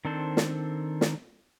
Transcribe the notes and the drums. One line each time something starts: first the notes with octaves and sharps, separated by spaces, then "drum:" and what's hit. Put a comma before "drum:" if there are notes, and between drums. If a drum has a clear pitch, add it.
D#3 C4 D4 A4 C5
drum: snare
drum: snare